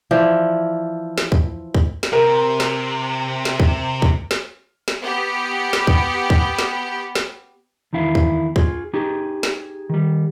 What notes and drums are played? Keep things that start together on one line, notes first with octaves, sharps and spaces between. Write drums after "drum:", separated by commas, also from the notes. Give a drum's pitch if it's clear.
E3 F3 D5
drum: snare
drum: kick
drum: kick
drum: snare
C3 A#4
drum: snare
drum: snare
drum: kick
drum: kick
drum: snare
drum: snare
B3 G4
drum: snare
drum: kick
drum: kick
drum: snare
drum: snare
E2 D#3 E4 F5
drum: kick
F4 G#4, drum: kick
D#4 G4 G#4
drum: snare
D#3 G3